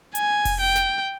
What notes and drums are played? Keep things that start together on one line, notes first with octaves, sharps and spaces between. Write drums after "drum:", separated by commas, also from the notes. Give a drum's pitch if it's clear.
G#5, drum: hi-hat
drum: kick F1, open hi-hat
G5
drum: snare